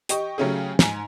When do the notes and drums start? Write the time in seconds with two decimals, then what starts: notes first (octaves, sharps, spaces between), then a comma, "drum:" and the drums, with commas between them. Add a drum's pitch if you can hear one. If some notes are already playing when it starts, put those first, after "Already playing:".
0.09 G4 D#5 C#6, drum: hi-hat
0.38 C#3 F#3 A3 C#4 G4 G#4
0.79 G#2 G#5, drum: snare